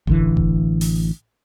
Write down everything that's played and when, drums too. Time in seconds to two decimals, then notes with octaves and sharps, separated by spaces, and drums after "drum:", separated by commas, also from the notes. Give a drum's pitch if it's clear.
0.07 A1 D3 E3, drum: kick F1
0.37 drum: kick F1
0.81 drum: open hi-hat